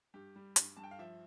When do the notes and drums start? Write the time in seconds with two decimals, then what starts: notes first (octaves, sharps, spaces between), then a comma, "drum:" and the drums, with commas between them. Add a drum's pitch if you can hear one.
0.14 G2 G4
0.36 G3
0.56 G2, drum: hi-hat
0.77 G2 A5
0.84 G5
0.91 F5
0.99 F3 E5